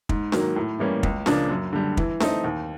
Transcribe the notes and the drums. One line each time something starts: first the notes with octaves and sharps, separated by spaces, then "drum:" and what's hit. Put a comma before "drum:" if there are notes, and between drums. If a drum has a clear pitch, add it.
G#2, drum: kick
D#3 F#3 A#3, drum: snare D4
A2
E3 G3 A#3 C#4
C#2, drum: kick
C#3 F3 A#3 D4, drum: snare D4
F#2
D3 G3
E3, drum: kick
A3 C4 D#4, drum: snare D4
D#2